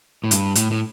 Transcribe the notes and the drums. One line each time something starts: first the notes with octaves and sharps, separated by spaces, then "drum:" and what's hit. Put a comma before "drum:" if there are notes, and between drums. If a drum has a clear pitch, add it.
A2
G2, drum: hi-hat
A2, drum: hi-hat
A2